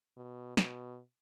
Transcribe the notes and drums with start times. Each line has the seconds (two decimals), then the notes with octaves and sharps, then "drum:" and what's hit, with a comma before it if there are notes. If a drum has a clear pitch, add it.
0.17 B2
0.57 B2, drum: snare